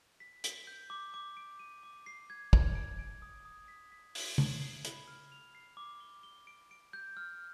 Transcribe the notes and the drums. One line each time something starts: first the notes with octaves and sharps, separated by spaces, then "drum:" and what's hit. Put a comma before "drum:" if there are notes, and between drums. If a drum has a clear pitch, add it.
B6
B6, drum: hi-hat
G6
D6
D6
D7
D#7
D6
C7
G#6
G#6, drum: kick
D7
D7
D#6
D#6
B6
B6
G#6, drum: open hi-hat
D#7, drum: tom C#3
C7
B5, drum: hi-hat
F6
F7
C7
D6
G7
G7
D7
D7
G6
F6